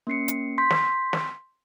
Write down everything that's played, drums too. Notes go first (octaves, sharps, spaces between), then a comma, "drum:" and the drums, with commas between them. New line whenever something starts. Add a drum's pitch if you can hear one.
A#3 C#4 C7 C#7
drum: hi-hat
C6 G6 B6
drum: snare
drum: snare